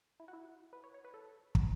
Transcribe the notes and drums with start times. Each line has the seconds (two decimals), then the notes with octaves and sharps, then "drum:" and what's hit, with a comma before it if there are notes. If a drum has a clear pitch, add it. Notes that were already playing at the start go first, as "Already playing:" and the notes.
0.20 E4
0.28 F#4
0.33 E4
0.73 B4
0.84 C#5
0.94 C#5
1.05 B4
1.14 A4
1.55 drum: kick